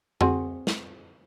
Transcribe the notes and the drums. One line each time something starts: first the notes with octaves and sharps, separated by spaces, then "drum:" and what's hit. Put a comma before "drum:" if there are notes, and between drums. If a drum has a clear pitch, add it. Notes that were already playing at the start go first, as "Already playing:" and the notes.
C4 F#4 G#4, drum: tom F2
drum: snare